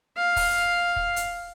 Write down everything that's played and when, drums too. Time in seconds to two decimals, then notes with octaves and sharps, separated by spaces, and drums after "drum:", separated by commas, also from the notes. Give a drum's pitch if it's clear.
0.17 F5
0.36 drum: kick, open hi-hat
0.96 drum: kick
1.16 drum: hi-hat